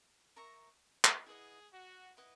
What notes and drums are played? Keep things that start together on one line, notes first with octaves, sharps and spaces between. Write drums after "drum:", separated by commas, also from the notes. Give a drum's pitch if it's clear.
A#4 E5 A#5 C#6
drum: clap
E4 G#4 B4 D#5 F#5
F#4
E4 B4 D#5 F#5